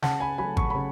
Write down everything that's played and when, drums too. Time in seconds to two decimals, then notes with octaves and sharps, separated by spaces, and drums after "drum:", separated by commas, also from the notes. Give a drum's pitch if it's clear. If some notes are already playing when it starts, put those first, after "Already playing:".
0.02 C#3 F#5 A5, drum: snare
0.20 G#5 B5
0.38 F#3 A3 G#5 B5
0.57 C#6, drum: kick G#1
0.70 C#3 B5